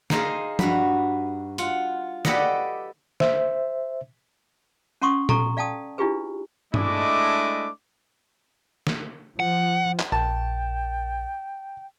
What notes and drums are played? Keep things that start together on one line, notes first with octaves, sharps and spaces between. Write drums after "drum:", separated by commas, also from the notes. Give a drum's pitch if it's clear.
D#4 G#4 C5 D#5 F5, drum: snare
G2 F#4 B4, drum: tom F3
F4 F#5, drum: hi-hat
G4 A4 B4 D5 D#5 F#5, drum: snare
C5 E5, drum: snare
C#4 F#5 C6 C#6 D#6
A4 A#5 C#6, drum: tom
D5 F5 G5 A5 D#6
D4 E4 F4 G4 G#4 B4
G#3 A3 D4 E4 D#5 D6, drum: tom G2
drum: snare
F3 F#5
drum: clap
A#1 G5 A5